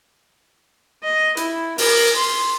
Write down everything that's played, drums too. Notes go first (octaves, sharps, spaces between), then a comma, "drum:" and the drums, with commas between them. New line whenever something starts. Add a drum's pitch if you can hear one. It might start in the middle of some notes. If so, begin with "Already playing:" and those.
D#5
E4, drum: hi-hat
A#4, drum: open hi-hat
C6